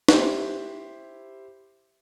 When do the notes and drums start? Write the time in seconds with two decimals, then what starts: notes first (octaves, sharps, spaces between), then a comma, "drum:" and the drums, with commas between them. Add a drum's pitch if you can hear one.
0.09 E4 G4 C5, drum: snare